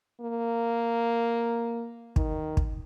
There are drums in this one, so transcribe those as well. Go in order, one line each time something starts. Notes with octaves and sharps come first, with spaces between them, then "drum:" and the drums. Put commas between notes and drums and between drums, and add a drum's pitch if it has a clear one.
A#3
D#3, drum: kick
drum: kick